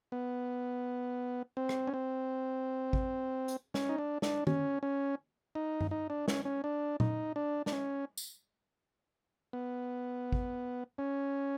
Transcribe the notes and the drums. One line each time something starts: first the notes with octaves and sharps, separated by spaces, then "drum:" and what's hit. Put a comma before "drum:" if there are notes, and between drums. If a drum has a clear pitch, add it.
B3
C4
drum: rim click
C#4
C4
drum: kick
drum: hi-hat
C#4, drum: snare
D#4
D4
D4, drum: snare
C#4, drum: tom
C#4
D#4
drum: tom G2
D#4
D4
C#4, drum: snare
C#4
D4
D#4, drum: tom A#2
D4
D4, drum: snare
C#4
drum: tambourine
B3
drum: kick
C#4